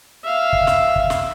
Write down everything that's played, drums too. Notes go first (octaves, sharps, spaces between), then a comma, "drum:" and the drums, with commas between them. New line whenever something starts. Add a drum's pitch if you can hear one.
E5 F5
drum: kick
drum: snare
drum: kick
drum: snare